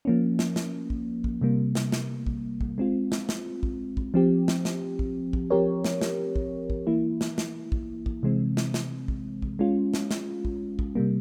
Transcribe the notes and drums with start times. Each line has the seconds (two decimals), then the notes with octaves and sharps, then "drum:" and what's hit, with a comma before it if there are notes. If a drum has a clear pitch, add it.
0.05 F3 A#3 C#4
0.39 drum: snare
0.56 drum: snare
0.90 drum: kick
1.24 drum: kick
1.41 C3 G3 A#3
1.75 drum: snare
1.92 drum: snare
2.26 drum: kick
2.61 drum: kick
2.78 G#3 C4 F4
3.12 drum: snare
3.29 drum: snare
3.63 drum: kick
3.97 drum: kick
4.14 F3 C4 G4
4.48 drum: snare
4.65 drum: snare
4.99 drum: kick
5.33 drum: kick
5.50 F3 C4 G4 A#4 C#5
5.84 drum: snare
6.01 drum: snare
6.36 drum: kick
6.70 drum: kick
6.87 E3 A#3 E4
7.21 drum: snare
7.38 drum: snare
7.72 drum: kick
8.06 drum: kick
8.23 C3 E3 G#3 C4
8.57 drum: snare
8.74 drum: snare
9.08 drum: kick
9.42 drum: kick
9.59 G#3 C#4 F4
9.94 drum: snare
10.11 drum: snare
10.45 drum: kick
10.79 drum: kick
10.95 C3 G3 A#3